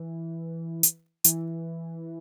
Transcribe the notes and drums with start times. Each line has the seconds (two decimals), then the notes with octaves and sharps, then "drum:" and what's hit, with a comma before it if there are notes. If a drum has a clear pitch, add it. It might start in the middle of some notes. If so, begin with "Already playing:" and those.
Already playing: E3
0.83 drum: hi-hat
1.24 E3, drum: hi-hat